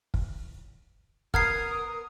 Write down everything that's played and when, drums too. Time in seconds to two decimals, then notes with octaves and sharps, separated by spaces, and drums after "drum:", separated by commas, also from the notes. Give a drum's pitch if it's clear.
0.14 drum: kick
1.34 B3 A#4 F#5 A#5 D#6 F6 G#6 C7, drum: kick